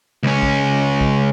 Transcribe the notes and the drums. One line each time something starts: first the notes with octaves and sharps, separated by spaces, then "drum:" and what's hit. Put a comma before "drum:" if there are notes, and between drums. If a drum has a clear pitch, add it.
C#2 C#4
drum: kick
drum: kick